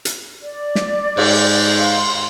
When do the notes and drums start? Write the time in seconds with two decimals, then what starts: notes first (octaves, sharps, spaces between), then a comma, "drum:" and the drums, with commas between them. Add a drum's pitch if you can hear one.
0.05 drum: hi-hat
0.42 D5
0.75 drum: snare
1.17 G#2, drum: cymbal
1.78 F5 C6